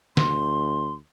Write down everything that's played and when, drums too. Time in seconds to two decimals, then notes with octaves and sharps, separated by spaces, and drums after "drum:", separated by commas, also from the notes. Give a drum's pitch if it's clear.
0.17 D2 C6, drum: snare